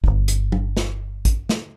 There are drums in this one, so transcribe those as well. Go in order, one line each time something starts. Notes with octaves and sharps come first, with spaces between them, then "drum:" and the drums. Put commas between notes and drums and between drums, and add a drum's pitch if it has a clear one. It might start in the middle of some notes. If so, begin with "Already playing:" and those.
D1 G1, drum: kick A1
drum: hi-hat
drum: tom
drum: snare
drum: kick A1, hi-hat
drum: snare